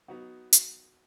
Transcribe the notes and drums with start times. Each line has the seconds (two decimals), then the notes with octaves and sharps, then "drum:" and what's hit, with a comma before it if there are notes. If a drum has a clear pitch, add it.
0.08 F#3 B3 D#4 F#4
0.53 drum: hi-hat